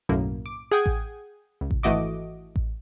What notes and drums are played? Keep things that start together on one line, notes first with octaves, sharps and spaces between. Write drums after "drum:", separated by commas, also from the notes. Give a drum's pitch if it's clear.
B1 F#2 A2 A#3
D6
G#4 F#5 G5 D#6 G#6
drum: kick A1
C#2
drum: kick A1
G#1 E3 A3 F#4 D#5 D6
drum: kick A1